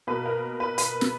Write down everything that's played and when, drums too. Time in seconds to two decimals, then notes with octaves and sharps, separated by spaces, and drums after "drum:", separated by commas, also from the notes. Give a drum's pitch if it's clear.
0.07 B2 A#3 B4
0.26 A#4
0.60 B4
0.78 B4, drum: hi-hat
1.01 drum: snare